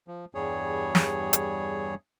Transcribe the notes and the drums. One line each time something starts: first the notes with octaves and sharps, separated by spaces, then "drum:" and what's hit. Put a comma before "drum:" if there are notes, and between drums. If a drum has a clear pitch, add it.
F3
E2 G2 G3 G#4 C#5
drum: snare
drum: hi-hat